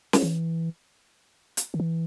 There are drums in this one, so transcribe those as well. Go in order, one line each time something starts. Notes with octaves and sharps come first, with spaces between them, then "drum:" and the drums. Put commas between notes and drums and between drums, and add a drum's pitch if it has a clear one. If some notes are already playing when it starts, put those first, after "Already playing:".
drum: snare
E3
drum: hi-hat
D#3
E3